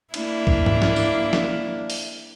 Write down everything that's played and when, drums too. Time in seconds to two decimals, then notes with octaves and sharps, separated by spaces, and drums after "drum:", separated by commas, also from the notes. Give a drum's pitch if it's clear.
0.14 A#3 D4 E4, drum: cymbal
0.47 drum: kick
0.66 drum: tom G#2
0.82 drum: snare
0.96 drum: tambourine
1.33 drum: snare
1.90 drum: open hi-hat